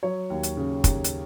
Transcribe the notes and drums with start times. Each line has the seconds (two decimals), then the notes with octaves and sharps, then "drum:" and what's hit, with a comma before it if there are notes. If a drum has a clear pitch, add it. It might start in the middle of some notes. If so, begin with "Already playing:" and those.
0.03 F#3 C#5
0.30 D#2
0.43 drum: hi-hat
0.57 C#3
0.84 D#2, drum: kick, hi-hat
1.04 drum: hi-hat